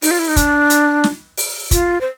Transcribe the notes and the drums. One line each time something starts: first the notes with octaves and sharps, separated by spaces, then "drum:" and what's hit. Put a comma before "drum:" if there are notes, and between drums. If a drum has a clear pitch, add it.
D#4, drum: open hi-hat
F4
E4
D#4
D4, drum: kick, hi-hat
drum: hi-hat
drum: snare
drum: open hi-hat
F4, drum: kick, hi-hat
C5